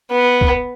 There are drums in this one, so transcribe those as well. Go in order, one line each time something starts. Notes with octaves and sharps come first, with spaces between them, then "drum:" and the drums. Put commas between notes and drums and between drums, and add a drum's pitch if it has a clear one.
B3
drum: kick